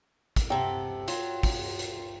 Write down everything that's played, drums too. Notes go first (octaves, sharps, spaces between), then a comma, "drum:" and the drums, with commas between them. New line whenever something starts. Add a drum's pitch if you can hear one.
drum: kick, hi-hat
C3 A4 F#5 G5 A#5
F#3 F4, drum: hi-hat
drum: kick, open hi-hat
drum: hi-hat